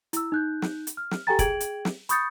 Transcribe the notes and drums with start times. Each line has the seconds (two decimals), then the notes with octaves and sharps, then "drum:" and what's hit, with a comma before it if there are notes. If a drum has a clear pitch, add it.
0.13 E4 E6, drum: hi-hat
0.32 D#4 F#6 G6
0.62 drum: snare
0.87 drum: hi-hat
0.97 F6
1.11 drum: snare
1.27 G4 A4 G5 G#5 A#5 A6
1.39 G#4 G5 G#6 D7 F#7, drum: kick, hi-hat
1.60 drum: hi-hat
1.85 drum: snare
2.09 B5 C#6 D#6 G6 A6 C#7, drum: hi-hat